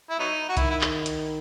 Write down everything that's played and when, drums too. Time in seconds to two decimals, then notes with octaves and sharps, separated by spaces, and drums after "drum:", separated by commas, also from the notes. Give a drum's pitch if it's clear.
0.10 E4
0.19 F#3 B3 D#4
0.49 F#4
0.57 D#3 E4, drum: kick C2, hi-hat
0.70 E4
0.81 drum: clap
1.06 drum: hi-hat